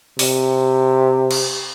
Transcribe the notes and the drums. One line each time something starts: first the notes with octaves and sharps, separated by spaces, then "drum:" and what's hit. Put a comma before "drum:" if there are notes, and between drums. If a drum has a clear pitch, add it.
C3, drum: open hi-hat
drum: cymbal